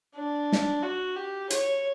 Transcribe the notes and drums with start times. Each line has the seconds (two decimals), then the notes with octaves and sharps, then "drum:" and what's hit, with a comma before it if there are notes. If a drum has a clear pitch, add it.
0.15 D4
0.52 drum: snare
0.83 F#4
1.16 G4
1.50 C#5, drum: hi-hat